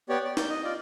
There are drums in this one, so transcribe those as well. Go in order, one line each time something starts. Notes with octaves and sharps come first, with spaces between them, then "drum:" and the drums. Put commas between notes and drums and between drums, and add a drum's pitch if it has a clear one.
B3 G4 C#5 D5
D5
G6, drum: snare
D#5
F4 D5